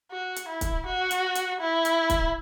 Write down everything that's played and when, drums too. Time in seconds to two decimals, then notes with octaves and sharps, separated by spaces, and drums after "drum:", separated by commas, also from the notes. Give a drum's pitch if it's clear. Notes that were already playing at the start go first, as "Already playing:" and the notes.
0.11 F#4
0.36 drum: hi-hat
0.48 E4
0.61 drum: kick, hi-hat
0.86 F#4
1.11 drum: hi-hat
1.35 drum: hi-hat
1.60 E4
1.85 drum: hi-hat
2.10 drum: kick, hi-hat